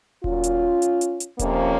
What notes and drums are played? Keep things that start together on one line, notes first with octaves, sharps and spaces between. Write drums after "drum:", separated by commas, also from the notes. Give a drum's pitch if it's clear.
A#2 F#3 C#4 F4, drum: kick D#1
drum: hi-hat
drum: hi-hat
drum: hi-hat
drum: hi-hat
F2 C3 F3 A#3 C#4, drum: kick D#1, hi-hat